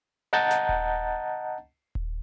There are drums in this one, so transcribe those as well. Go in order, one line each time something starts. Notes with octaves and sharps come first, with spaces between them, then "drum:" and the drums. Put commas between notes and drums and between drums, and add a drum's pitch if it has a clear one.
D#5 F#5 A5 A#5 G6 A6
drum: snare
drum: kick D#1
drum: kick D#1